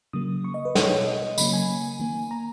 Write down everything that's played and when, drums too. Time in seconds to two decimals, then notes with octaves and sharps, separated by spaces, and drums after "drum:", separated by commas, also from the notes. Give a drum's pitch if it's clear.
0.13 C#3 F#3 A#3 D#6
0.44 C#6
0.54 D#5
0.65 B4
0.75 B2 G#3 C#5, drum: snare
1.07 D#5
1.22 D#5
1.38 C#3 F#3 A#3 B5, drum: tambourine
1.53 G#5
2.00 D#3 A#3
2.31 A#5